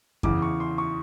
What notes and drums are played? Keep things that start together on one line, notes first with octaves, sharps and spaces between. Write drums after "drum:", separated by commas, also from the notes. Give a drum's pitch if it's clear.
E2 C#3 E3 D6, drum: kick F#2
C#6
C6
C#6